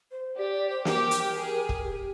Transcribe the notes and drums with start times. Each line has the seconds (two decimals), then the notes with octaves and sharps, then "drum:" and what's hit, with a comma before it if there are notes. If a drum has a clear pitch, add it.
0.12 C5
0.36 G4 D5
0.53 D5
0.70 C5
0.85 G4 A#4, drum: snare
1.11 drum: hi-hat
1.35 G#4
1.69 drum: kick
1.84 G4